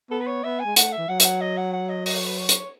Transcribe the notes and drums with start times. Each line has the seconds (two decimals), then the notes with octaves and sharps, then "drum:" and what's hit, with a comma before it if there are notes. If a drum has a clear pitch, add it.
0.11 B3 A4
0.21 B4
0.27 C#5
0.44 B3 E5
0.60 G#5
0.65 G#3
0.76 A3 F#5, drum: hi-hat
0.92 E5
0.98 E3
1.08 F#3 F#5
1.20 E5, drum: hi-hat
1.24 F#5
1.41 D#5
1.57 F#5
1.73 F#5
1.89 D#5
2.06 D#5, drum: open hi-hat
2.16 C#5
2.26 B4
2.38 C#5
2.49 drum: hi-hat